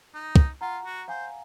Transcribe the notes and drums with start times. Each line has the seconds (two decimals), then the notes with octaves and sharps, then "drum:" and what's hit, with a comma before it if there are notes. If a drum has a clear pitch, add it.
0.14 D#4
0.36 drum: kick
0.61 F4 F#5 A#5
0.85 F#4
1.08 C5 F5 G#5